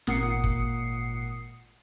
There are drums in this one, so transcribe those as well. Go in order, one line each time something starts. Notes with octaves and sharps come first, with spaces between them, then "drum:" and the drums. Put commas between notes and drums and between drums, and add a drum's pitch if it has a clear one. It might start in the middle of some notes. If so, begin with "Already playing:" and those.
G#1 A#2 F#5 D#6 C7 C#7, drum: snare
drum: kick